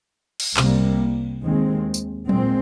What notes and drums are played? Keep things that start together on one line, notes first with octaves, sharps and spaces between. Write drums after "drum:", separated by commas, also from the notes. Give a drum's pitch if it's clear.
drum: cymbal
C2 C3 G3 A#3, drum: clap
D#2 D#3 G#3 C4
drum: tambourine
A#2 G#3 C4, drum: tom F#3